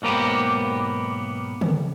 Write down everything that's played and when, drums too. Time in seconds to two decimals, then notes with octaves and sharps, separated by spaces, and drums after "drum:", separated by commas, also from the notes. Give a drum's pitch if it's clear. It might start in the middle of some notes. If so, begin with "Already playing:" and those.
0.02 B1 G#2 A#3 B3 G4
1.61 drum: tom